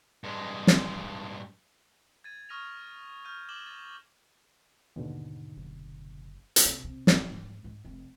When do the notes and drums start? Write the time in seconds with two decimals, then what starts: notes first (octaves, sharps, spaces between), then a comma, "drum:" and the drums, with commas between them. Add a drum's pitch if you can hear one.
0.24 G2 G#3
0.67 drum: snare
2.24 G#6 A6 D#7
2.49 C#6 D#6 F6 A#6 D#7 F7
3.25 F6 G6 D#7
3.49 D6 A6 E7 F#7 G7
3.67 A6
4.96 D#2 G#2 B2 D3
5.57 F#1
6.56 drum: hi-hat
6.65 C3
6.84 C3
7.07 F#1, drum: snare
7.29 G#2
7.64 G#2
7.85 F1